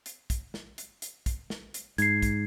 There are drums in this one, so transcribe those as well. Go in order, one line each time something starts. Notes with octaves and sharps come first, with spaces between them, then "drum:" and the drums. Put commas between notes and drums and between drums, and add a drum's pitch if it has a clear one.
drum: hi-hat
drum: kick, hi-hat
drum: snare
drum: hi-hat
drum: hi-hat
drum: kick, hi-hat
drum: snare
drum: hi-hat
G#2 G#6 C7, drum: hi-hat
drum: kick, hi-hat